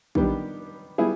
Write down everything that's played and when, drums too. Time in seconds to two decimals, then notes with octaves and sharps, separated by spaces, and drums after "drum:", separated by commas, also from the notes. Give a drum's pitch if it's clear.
0.15 D#3 G3 B3 D4 G4, drum: kick
0.98 G3 B3 E4 G#4